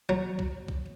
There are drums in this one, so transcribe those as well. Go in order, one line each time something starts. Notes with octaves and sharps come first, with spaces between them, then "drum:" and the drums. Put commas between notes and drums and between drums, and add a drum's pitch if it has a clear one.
F#3
drum: kick C2
drum: kick C2